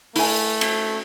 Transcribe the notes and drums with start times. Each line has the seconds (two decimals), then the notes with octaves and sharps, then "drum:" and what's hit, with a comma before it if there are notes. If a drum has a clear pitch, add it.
0.16 A3 E4 G#5, drum: open hi-hat
0.61 drum: cymbal